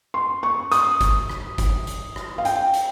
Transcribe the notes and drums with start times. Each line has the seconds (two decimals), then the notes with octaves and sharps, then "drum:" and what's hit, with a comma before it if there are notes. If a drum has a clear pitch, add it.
0.14 C6
0.43 C#6
0.72 D#6, drum: hi-hat
1.01 drum: kick G1, hi-hat
1.30 drum: rim click
1.58 drum: kick G1, hi-hat
1.87 drum: hi-hat
2.16 drum: rim click
2.38 F5
2.45 G5, drum: hi-hat
2.74 drum: hi-hat